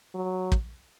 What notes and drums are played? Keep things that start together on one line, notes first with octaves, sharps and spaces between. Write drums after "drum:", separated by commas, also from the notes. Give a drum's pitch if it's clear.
F#3
drum: kick